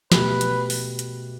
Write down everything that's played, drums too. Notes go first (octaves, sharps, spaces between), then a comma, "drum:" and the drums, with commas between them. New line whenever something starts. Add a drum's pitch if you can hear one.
B2 A3 G4 B4, drum: snare
drum: hi-hat
drum: open hi-hat
drum: hi-hat